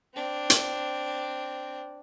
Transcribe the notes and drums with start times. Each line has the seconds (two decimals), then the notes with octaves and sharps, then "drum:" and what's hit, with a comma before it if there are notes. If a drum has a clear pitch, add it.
0.15 C4 D4
0.50 drum: hi-hat